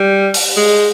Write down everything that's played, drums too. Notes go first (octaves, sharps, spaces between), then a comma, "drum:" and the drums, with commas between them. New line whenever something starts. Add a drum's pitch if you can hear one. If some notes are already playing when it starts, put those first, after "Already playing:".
Already playing: G3
drum: open hi-hat
G#3